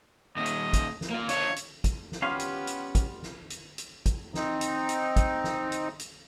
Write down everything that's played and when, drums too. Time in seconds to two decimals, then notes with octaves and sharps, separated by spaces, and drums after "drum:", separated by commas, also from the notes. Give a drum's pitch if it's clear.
0.36 A#2 D#3 D#5
0.46 drum: hi-hat
0.73 drum: kick, hi-hat
1.01 drum: snare
1.10 A#3 F4
1.29 D4 F4 C#5, drum: hi-hat
1.56 drum: hi-hat
1.84 drum: kick, hi-hat
2.12 drum: snare
2.22 G3 B3 C#4 F4 G4 F5 C6
2.39 drum: hi-hat
2.67 drum: hi-hat
2.95 drum: kick, hi-hat
3.23 drum: snare
3.50 drum: hi-hat
3.78 drum: hi-hat
4.06 drum: kick, hi-hat
4.34 C4 D#4, drum: snare
4.61 drum: hi-hat
4.89 drum: hi-hat
5.16 drum: kick, hi-hat
5.44 drum: snare
5.72 drum: hi-hat
5.99 drum: hi-hat